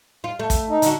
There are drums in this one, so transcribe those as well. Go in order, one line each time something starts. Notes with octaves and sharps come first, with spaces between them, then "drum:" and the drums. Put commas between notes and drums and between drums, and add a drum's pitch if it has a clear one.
F4
A3
drum: kick, hi-hat
D#4
D3 F#4, drum: hi-hat